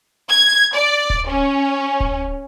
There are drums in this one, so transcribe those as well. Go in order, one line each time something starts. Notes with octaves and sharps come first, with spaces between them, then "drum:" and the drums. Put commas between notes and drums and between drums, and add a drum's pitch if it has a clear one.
G#6
D5
drum: kick D1
C#4
drum: kick D1